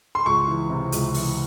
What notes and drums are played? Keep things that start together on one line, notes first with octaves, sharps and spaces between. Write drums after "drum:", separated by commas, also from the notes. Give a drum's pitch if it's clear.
C6
C#2 C#6
E3
C3
C#2, drum: hi-hat
E3, drum: open hi-hat